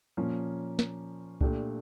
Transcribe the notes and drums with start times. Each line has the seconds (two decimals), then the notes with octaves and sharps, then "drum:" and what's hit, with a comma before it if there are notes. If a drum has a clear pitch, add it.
0.17 A#2 F3 A#3 C#4
0.79 drum: snare
1.41 A#2 A3 D4 G4, drum: kick C2